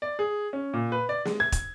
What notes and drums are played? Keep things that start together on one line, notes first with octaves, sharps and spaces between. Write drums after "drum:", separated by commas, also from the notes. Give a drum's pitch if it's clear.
D5
G#4
C#4
A#2
B4
D5
G#3, drum: snare
G#6
drum: kick, hi-hat